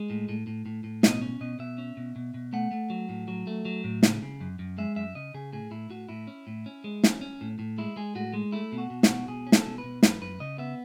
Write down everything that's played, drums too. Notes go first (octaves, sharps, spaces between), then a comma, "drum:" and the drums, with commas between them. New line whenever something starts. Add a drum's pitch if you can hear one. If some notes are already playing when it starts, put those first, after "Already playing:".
Already playing: G#3
A2
A2
A2
A2
A2
B2 D#5, drum: snare
C#4
B2 D#5
B2 E5
C#4
B2
B2
B2
A3 F#5
A3
F#3
A2
F#3
A3
F#3
A2
C#3, drum: snare
C#3
F#2
F#2
G#3 E5
F#2 E5
C#3 D#5
C#3 G#4
A2 G#4
A2 E4
A2 F#4
A2 E4
C#4
A2
C#4
G#3
C#4, drum: snare
C#4
A2
A2
G#3 E4
G#3 G#4
A2 F#4
G#3
A3 E4
B2
F#4
B2
F#4, drum: snare
B2
B2 G#4
C#4
A4, drum: snare
B2
B4
B2
F#2 B4, drum: snare
F#2 B4
C#3 D#5
B3 E5